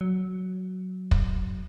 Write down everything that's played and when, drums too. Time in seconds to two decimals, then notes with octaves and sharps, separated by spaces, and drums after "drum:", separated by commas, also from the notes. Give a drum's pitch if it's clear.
0.01 F#3
1.11 drum: kick